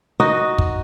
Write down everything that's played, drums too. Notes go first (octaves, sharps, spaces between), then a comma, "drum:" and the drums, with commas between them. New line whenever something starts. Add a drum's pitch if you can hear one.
D#4 F#4 D#5
drum: kick